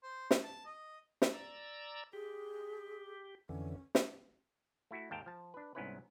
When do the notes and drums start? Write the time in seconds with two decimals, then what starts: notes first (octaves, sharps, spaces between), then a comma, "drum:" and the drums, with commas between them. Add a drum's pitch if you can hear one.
0.03 C5
0.31 drum: snare
0.44 A5
0.65 D#5
1.22 drum: snare
1.33 D5 A#5 E6
2.13 G4 G#4
3.49 F2 D3 E3 C#4
3.95 drum: snare
4.91 A3 E4 F#4
5.11 D#2 G#2 A#4 F5 G5 A5
5.26 F3 A5
5.54 D4 B4
5.75 C2 G#2 B3 C#4 E4 B4